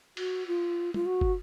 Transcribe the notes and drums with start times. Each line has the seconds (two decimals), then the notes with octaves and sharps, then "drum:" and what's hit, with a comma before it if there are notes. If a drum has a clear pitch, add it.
0.17 F#4, drum: cymbal
0.47 F4
0.94 F4, drum: tom
1.06 F#4
1.21 drum: kick